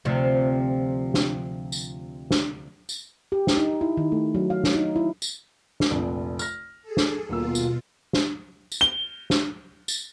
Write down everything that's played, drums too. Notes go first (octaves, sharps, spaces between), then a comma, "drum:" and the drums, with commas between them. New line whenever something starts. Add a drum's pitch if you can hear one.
D2 C3 F3
drum: snare
drum: tambourine
drum: snare
drum: tambourine
G4
drum: snare
D#4
E4
D#3
A3
F#3
F5
drum: snare
D#4
E4
drum: tambourine
drum: snare
F1 A#1 C3
F6 A#6, drum: tambourine
G#4 A4
drum: snare
D#1 B2 A#3 F4 E6
drum: tambourine
drum: snare
drum: tambourine
G7
drum: snare
drum: tambourine